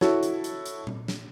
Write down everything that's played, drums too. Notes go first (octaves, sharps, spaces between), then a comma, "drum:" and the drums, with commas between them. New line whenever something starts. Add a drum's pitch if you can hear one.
E4 F#4 A4 C#5, drum: snare
drum: hi-hat
drum: hi-hat
drum: hi-hat
drum: tom A#2
drum: snare